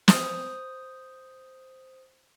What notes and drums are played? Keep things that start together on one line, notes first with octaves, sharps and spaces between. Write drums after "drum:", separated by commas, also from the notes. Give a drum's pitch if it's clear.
C5 D#6, drum: snare